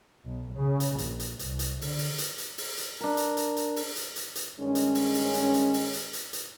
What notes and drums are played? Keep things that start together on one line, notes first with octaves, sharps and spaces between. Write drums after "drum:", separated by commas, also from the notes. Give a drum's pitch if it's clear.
B1
C#3
drum: hi-hat
A#1, drum: hi-hat
drum: hi-hat
C2, drum: hi-hat
drum: hi-hat
D3, drum: open hi-hat
drum: open hi-hat
drum: hi-hat
drum: hi-hat
drum: open hi-hat
drum: hi-hat
D4 A#4
drum: hi-hat
drum: hi-hat
drum: hi-hat
drum: open hi-hat
drum: hi-hat
drum: hi-hat
drum: hi-hat
G2 D#3 G#3 C#4
drum: hi-hat
drum: open hi-hat
drum: open hi-hat
drum: hi-hat
drum: hi-hat
drum: open hi-hat
drum: hi-hat
drum: hi-hat
drum: hi-hat